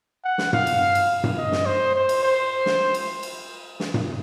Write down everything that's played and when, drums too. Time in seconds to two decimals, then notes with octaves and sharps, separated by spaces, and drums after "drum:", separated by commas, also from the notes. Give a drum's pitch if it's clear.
0.25 F#5
0.38 drum: snare
0.53 F5, drum: tom G2
0.67 drum: cymbal
0.95 drum: cymbal
1.24 drum: tom G2
1.38 D#5
1.52 drum: snare
1.66 C5
1.95 C5
2.09 drum: cymbal
2.23 C5
2.66 drum: snare
2.94 drum: cymbal
3.23 drum: cymbal
3.80 drum: snare
3.94 drum: tom G2